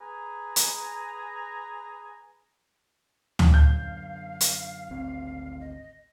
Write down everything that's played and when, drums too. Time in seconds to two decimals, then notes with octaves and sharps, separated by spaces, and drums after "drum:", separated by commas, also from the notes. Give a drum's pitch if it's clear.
0.01 G#4 B4 G#5 A#5
0.56 drum: hi-hat
3.39 drum: tom
3.54 F#2 D3 F5 G6
4.41 drum: hi-hat
4.89 G#1 D2 C4
5.60 D#5